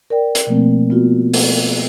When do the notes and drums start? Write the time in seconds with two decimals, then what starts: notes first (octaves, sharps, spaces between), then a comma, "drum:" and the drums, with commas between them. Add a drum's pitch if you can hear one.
0.10 A#4 D5 G5
0.35 drum: hi-hat
0.47 B2 F3 A3 A#3 C4
0.90 B3 F4 F#4
1.33 drum: open hi-hat